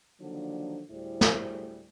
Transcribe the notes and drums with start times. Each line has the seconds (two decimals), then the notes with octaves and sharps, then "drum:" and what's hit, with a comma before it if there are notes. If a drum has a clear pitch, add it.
0.21 D3 D#3 F3 F#3 A#3 D4
0.90 D2 A2 G3 E4 G#4 C5
1.21 drum: snare